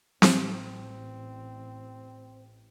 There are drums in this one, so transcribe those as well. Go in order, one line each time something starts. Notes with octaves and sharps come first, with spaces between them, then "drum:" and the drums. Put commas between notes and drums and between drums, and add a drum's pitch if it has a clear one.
A1 C4, drum: snare C4